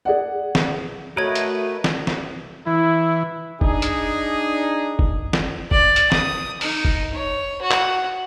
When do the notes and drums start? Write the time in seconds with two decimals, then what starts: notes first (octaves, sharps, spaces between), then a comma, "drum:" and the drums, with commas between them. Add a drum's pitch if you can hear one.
0.05 G#4 D5 F#5
0.55 drum: snare
1.17 A3 F#4 A#4 B4 C#5 D#5 G#6
1.35 drum: hi-hat
1.84 drum: snare
2.07 drum: snare
2.66 E3 E4
3.61 D4 D#4 G#4, drum: kick
3.82 drum: hi-hat
4.99 drum: kick
5.33 drum: snare
5.71 D5, drum: kick
5.96 drum: hi-hat
6.12 D#6, drum: snare
6.61 D#4, drum: open hi-hat
6.85 drum: kick
7.14 C#5
7.62 F#4
7.71 drum: clap